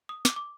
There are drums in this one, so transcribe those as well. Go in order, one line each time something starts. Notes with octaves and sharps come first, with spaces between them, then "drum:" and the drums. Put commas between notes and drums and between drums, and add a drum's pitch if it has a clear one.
D#6
D6, drum: snare
D6